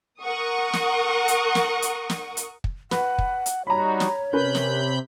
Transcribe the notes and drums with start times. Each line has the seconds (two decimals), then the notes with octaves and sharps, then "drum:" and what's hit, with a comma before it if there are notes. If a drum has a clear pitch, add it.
0.22 A#4 F#5 C#6 D#6
0.73 drum: snare
1.28 drum: hi-hat
1.55 drum: snare
1.82 drum: hi-hat
2.10 drum: snare
2.37 drum: hi-hat
2.64 drum: kick
2.91 B4 F#5, drum: snare
3.18 drum: kick
3.46 drum: hi-hat
3.67 G3 D#4 F#4 C#5 A#5 B5
4.00 drum: snare
4.33 C3 C#4 A#4 B4 B5 G6
4.55 drum: snare